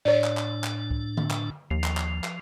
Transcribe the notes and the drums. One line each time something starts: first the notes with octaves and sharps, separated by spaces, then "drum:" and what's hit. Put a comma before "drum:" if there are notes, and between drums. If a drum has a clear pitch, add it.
A2 D4 C#5 D5
drum: clap
drum: clap
drum: clap
drum: kick C#2
drum: tom D3
drum: clap
D#2 F3
drum: clap
drum: clap
drum: clap